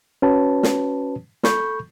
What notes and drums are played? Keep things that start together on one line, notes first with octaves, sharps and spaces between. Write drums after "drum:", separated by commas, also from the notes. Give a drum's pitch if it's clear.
C#4 F#4 B4 C#5 A5
drum: snare
A4 B5 C#6 G6, drum: snare